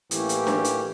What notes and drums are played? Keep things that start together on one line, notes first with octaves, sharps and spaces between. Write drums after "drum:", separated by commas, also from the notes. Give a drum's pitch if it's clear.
A2 E3 A#3 C#4 G4, drum: hi-hat
drum: hi-hat
drum: snare D4
drum: hi-hat